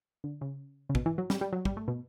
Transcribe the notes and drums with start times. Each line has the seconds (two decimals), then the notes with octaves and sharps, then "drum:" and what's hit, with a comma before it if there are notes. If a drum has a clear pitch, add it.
0.24 D3
0.41 C#3
0.90 C#3
0.95 B2, drum: kick
1.06 E3
1.18 F#3
1.30 G3, drum: snare
1.41 G3
1.53 F#3
1.65 G3, drum: kick
1.77 A3
1.88 B2